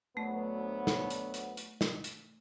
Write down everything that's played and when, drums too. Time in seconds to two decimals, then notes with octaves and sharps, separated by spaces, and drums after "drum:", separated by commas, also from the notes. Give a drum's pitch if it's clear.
0.17 D2 F#3 A3 B3
0.87 drum: snare
1.10 drum: hi-hat
1.34 drum: hi-hat
1.57 drum: hi-hat
1.81 drum: snare
2.04 drum: hi-hat